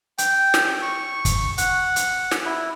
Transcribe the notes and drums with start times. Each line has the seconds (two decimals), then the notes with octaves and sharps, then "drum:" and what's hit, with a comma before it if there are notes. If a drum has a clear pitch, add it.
0.18 G5, drum: hi-hat
0.54 drum: snare
0.82 C#6
1.25 drum: kick, hi-hat
1.58 F#5, drum: hi-hat
1.96 drum: hi-hat
2.31 drum: snare
2.46 E4